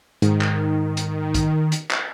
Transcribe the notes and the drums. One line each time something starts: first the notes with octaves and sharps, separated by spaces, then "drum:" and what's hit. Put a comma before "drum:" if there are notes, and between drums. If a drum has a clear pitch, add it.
G#2 D#3, drum: hi-hat
drum: clap
drum: hi-hat
drum: kick A#1, hi-hat
drum: hi-hat
drum: clap